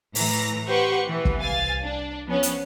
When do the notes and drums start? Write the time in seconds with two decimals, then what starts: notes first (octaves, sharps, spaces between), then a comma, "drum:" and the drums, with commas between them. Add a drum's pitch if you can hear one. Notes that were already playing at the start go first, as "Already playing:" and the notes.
0.15 A2 E3 A#5 A#6, drum: open hi-hat
0.68 G4 B4 C5 F#5 C#6
1.07 B2 E3 B3
1.25 drum: kick
1.40 C2 F5 G#5 A6
1.82 D4
2.26 F3 B3 C#4
2.43 drum: hi-hat